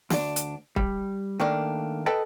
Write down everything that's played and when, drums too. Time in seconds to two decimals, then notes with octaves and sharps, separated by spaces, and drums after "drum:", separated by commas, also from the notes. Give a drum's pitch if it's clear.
0.10 D2 D4, drum: snare
0.36 drum: hi-hat
0.76 G3, drum: kick
1.40 D#3 A3 A#3 D4
2.06 A4 B4 D#5 G5 A5